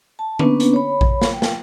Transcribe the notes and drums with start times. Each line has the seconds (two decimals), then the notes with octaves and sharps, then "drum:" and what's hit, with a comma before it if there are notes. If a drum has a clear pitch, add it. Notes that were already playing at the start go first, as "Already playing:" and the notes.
0.19 A5
0.39 A#3 B3 C#4 D4 B4, drum: tom D3
0.60 drum: hi-hat
0.74 C#5 B5
1.01 drum: kick A#1
1.22 drum: snare
1.33 G5
1.42 drum: snare